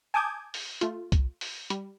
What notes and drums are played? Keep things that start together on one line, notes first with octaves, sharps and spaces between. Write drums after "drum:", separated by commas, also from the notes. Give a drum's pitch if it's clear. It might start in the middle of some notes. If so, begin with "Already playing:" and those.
G#5 A5 D6 D#6 G6 G#6
drum: open hi-hat
A3 F4, drum: hi-hat
drum: kick, hi-hat
drum: open hi-hat
G3, drum: hi-hat